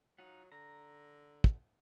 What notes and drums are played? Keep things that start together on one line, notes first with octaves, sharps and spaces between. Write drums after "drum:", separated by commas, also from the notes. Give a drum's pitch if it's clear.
F#3 D#4 F4 F#5
D3 A#5
drum: kick